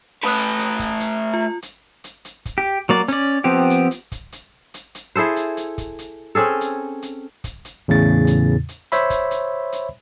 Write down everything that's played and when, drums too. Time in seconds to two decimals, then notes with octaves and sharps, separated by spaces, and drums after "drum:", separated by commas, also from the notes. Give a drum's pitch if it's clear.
0.24 A3 B4 A5 D#6 F#6
0.38 drum: hi-hat
0.59 drum: hi-hat
0.79 drum: kick, hi-hat
1.00 drum: hi-hat
1.34 F4
1.62 drum: hi-hat
2.04 drum: hi-hat
2.25 drum: hi-hat
2.45 drum: kick, hi-hat
2.58 G4
2.89 F#3 A#3 D5
3.08 C#4 D5, drum: hi-hat
3.44 F3 B3 C4 G4
3.70 drum: hi-hat
3.91 drum: hi-hat
4.12 drum: kick, hi-hat
4.32 drum: hi-hat
4.74 drum: hi-hat
4.95 drum: hi-hat
5.16 E4 G#4 A4 C5
5.36 drum: hi-hat
5.57 drum: hi-hat
5.78 drum: kick, hi-hat
5.99 drum: hi-hat
6.35 C4 C#4 G#4 A4
6.61 drum: hi-hat
7.02 drum: hi-hat
7.44 drum: kick, hi-hat
7.65 drum: hi-hat
7.88 E2 A2 C#3 A6
8.27 drum: hi-hat
8.69 drum: hi-hat
8.92 C5 C#5 E5 B5, drum: hi-hat
9.10 drum: kick, hi-hat
9.31 drum: hi-hat
9.72 drum: hi-hat